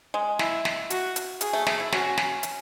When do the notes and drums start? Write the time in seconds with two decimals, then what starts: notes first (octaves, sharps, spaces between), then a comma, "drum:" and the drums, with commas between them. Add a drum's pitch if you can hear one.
0.14 G#3
0.39 E4, drum: snare
0.65 drum: snare
0.90 F#4, drum: hi-hat
1.16 drum: hi-hat
1.41 G#4, drum: hi-hat
1.53 A3
1.66 A3, drum: snare
1.80 E4
1.92 C#4 F#4, drum: snare
2.17 drum: snare
2.43 drum: hi-hat